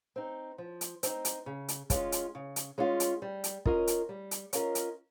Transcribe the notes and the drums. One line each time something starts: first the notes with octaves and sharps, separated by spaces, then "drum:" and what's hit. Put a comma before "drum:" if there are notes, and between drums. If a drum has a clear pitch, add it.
C4 D#4
F3
drum: hi-hat
C4 D#4, drum: hi-hat
drum: hi-hat
C#3
drum: hi-hat
G#3 C#4 F4, drum: kick, hi-hat
drum: hi-hat
C#3
drum: hi-hat
G#3 C#4 F4
drum: hi-hat
G3
drum: hi-hat
C#4 F4 A#4 D#5, drum: kick
drum: hi-hat
G3
drum: hi-hat
C#4 F4 A#4 D#5, drum: hi-hat
drum: hi-hat